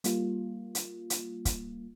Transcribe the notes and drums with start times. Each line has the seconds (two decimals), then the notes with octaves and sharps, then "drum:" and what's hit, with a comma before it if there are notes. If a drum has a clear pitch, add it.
0.04 G3 A#3 F4, drum: hi-hat
0.75 drum: hi-hat
1.10 drum: hi-hat
1.45 drum: kick, hi-hat